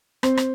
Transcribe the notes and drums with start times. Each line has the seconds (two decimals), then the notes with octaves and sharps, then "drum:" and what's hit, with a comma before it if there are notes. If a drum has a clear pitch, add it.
0.23 C4 C5, drum: rim click
0.37 drum: rim click